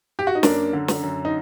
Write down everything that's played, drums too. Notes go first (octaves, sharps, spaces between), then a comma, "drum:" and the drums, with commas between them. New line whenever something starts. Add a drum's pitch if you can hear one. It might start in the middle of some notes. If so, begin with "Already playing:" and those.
G4
F#4
D#4
F#2 A#3 D4, drum: snare
D3
drum: snare
F#2
D#4